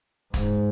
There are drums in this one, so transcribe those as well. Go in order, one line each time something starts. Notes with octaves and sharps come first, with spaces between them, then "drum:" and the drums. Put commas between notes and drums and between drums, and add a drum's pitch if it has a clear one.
G#2, drum: kick E1, hi-hat